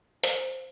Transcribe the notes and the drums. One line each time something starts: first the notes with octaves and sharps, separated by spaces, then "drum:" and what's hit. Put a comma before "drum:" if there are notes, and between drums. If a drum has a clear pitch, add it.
C5, drum: hi-hat